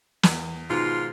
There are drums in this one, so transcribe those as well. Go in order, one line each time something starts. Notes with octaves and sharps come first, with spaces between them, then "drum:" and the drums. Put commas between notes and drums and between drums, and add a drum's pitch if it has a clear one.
E2, drum: snare
G#2 B2 D#3 F4